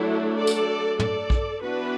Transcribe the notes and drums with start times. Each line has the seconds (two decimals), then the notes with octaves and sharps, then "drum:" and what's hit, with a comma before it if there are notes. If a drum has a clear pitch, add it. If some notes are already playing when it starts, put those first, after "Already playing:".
Already playing: F#3 A3 D4 E4 A4
0.36 A4 D5
0.47 drum: tambourine
0.99 A4 D5, drum: tom
1.30 drum: kick A#1
1.63 E3 B3 D4 F#4 B4